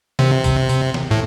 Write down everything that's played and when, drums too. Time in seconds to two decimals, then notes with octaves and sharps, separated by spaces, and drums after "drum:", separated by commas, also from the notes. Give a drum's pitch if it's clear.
0.19 C3, drum: snare
0.44 drum: kick, tambourine
0.69 drum: tambourine
0.94 drum: snare
1.11 A2